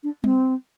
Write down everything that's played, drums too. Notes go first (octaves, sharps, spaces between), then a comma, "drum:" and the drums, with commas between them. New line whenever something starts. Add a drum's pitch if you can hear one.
D4
C4, drum: tom G3